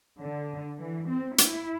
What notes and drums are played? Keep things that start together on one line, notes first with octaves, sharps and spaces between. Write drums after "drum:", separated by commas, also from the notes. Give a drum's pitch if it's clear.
D3
E3
C4
E4, drum: hi-hat